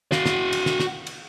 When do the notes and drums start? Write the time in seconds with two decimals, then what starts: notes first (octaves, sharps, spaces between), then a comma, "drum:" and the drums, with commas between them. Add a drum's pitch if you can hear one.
0.12 F#4 F5, drum: snare
0.26 drum: snare
0.53 drum: cymbal
0.66 drum: snare
0.80 drum: snare
1.07 drum: cymbal